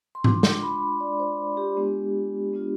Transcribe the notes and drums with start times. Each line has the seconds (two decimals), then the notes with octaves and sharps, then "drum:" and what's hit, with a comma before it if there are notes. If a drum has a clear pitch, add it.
0.15 C6
0.24 G#3 D4 F4 D6, drum: tom G#2
0.43 D6, drum: snare
0.63 B5
1.00 G#3 D4 F4 D5
1.19 C5
1.57 G4
1.77 G#3 B3 D4 F4
2.53 G#3 B3 D4 F4